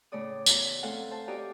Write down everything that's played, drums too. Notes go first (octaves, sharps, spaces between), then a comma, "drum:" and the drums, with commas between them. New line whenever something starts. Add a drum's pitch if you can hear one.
A2 C#3 A3 C#5 D5 D#6
E2 F#3 E4 F#4 A#5 C#6, drum: tambourine
A3 C4 A4 F5 F#5 G#5
C5 A5
F#4 G4 D5 D#5 F5 A#5